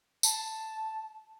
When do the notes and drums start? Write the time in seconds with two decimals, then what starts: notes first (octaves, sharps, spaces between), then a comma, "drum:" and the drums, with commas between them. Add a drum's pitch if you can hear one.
0.23 A5, drum: tambourine